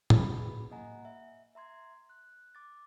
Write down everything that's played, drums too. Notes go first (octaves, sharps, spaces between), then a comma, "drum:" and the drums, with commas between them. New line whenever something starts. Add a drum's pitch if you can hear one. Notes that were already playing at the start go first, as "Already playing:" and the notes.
A#3 F#4 G#4 B4 B5, drum: tom A2
A#3 D#5 F#5 G#5 A#5
E5
E5 A#5 C6 G#6
F#6
D6 A6